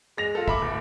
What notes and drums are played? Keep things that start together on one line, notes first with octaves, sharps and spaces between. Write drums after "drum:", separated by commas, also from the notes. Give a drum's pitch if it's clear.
G#3 A#6 F7
F4 A4
E5 B5 D6, drum: kick
D1